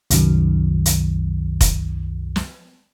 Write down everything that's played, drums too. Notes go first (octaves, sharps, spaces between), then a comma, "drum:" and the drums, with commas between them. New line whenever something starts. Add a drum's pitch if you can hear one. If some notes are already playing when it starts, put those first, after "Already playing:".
C2 F#2 D#3 F#3, drum: hi-hat
drum: hi-hat
drum: kick F1, hi-hat
drum: snare